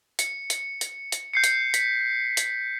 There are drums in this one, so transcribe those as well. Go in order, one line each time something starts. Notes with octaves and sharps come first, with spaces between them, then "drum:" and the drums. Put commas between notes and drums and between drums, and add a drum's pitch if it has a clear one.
C#7, drum: hi-hat
drum: hi-hat
drum: hi-hat
drum: hi-hat
G6 C7 C#7
drum: hi-hat
B6, drum: hi-hat
drum: hi-hat